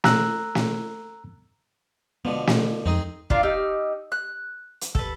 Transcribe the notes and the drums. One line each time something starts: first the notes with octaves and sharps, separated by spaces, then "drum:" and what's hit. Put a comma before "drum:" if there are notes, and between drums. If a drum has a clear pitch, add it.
A#5 E6 F#6, drum: snare
drum: snare
B2 D3 F3 B3
drum: snare
F2 C4 D#4 G#4
D4 F4 A#4 F5, drum: kick
D#4 G4 E6 F6
F#6
drum: hi-hat
A4 B4, drum: kick